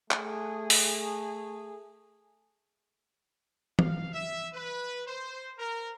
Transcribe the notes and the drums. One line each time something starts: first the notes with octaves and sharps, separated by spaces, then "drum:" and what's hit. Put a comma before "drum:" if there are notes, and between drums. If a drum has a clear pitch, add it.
A3 G#4, drum: clap
drum: open hi-hat
F5, drum: tom E3
E5
B4
C5
A#4